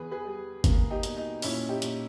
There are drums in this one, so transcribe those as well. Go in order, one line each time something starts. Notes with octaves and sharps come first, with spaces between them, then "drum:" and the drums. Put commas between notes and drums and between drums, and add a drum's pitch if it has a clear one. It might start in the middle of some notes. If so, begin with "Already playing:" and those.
Already playing: E2 G#4 B4
G#4 B4
G3
A#3, drum: kick G1, hi-hat
D#4 G4
B2, drum: hi-hat
D#4
A#2 C#4 E4, drum: open hi-hat
D#4 G4
A#2, drum: hi-hat